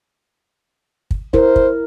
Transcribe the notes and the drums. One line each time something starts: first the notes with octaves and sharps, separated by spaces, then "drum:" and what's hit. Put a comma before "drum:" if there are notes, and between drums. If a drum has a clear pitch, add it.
drum: kick
E4 A#4 C5, drum: kick
drum: kick